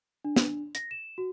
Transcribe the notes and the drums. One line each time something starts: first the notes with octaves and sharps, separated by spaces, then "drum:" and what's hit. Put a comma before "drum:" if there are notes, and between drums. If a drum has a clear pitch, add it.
D4
drum: snare
A#6, drum: hi-hat
E7
F#4